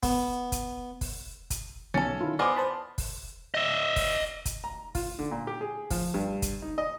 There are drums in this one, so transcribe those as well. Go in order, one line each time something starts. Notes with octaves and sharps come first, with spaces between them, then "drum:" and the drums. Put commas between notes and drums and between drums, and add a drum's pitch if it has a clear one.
B3, drum: kick, open hi-hat
drum: kick, hi-hat
drum: kick, open hi-hat
drum: kick, hi-hat
B1 C#4 A4 A6 C#7
D#3 E4 F4
B3 G#4 C5 D5 D#5 D6 F6
C5 A5 B5
drum: kick, open hi-hat
D#5 E5
drum: kick, open hi-hat
drum: kick, hi-hat
A#5
F4, drum: kick, open hi-hat
D3
A#2
G4
G#4
F3, drum: kick, open hi-hat
G2
drum: kick, hi-hat
D#4
D#5